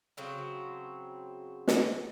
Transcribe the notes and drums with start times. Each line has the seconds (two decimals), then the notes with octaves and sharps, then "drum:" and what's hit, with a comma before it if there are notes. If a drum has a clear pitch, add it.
0.17 C#3 F#3 C4 F#4
1.68 drum: snare